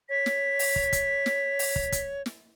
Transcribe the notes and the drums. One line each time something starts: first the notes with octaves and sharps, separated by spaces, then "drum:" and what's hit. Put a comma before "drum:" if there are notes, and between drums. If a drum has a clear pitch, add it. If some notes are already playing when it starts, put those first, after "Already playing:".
C#5 B6
drum: snare
drum: open hi-hat
drum: kick
drum: kick, hi-hat
drum: snare
drum: open hi-hat
drum: kick
drum: kick, hi-hat
drum: snare